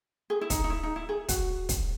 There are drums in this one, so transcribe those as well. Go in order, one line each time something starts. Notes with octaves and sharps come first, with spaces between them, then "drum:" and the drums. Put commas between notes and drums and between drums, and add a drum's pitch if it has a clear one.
G#4
E4
D#4, drum: kick, hi-hat
D#4
E4
D#4
E4
G#4
F#4, drum: kick, hi-hat
drum: kick, hi-hat